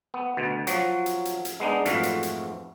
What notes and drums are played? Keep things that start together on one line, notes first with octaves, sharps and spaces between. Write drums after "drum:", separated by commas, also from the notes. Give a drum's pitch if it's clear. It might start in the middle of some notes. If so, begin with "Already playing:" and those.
B3
D2 B2
F3 F#3 F#4, drum: hi-hat
drum: hi-hat
drum: hi-hat
drum: hi-hat
G#3 B3 D4 D#4
F2 G#2 E3 A3 F#4 F5, drum: hi-hat
drum: hi-hat
drum: hi-hat